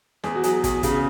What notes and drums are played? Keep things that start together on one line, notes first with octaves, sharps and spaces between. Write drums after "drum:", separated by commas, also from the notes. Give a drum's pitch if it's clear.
E2 G#4, drum: snare
F#4
F#3 G#4, drum: hi-hat
E2 G#4, drum: kick, hi-hat
C#3 G#4, drum: kick, hi-hat